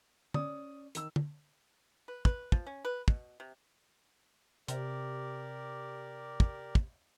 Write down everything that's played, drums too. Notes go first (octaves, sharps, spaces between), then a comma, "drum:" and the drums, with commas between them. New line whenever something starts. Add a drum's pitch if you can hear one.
C#4 D5 D#6, drum: tom
D#3 E6, drum: hi-hat
drum: tom
B4
B4, drum: kick
F3, drum: kick
C#4
B4
B2, drum: kick
C3
C3 G4 A#4 D5, drum: hi-hat
drum: kick
drum: kick